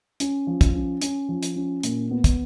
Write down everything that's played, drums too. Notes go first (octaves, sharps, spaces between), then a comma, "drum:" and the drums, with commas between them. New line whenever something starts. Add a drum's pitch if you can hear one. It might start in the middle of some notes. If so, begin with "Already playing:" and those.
C#4, drum: hi-hat
F3
drum: kick, hi-hat
C#4
C#4, drum: hi-hat
F3
drum: hi-hat
C#4
A#2, drum: hi-hat
B3
drum: kick, hi-hat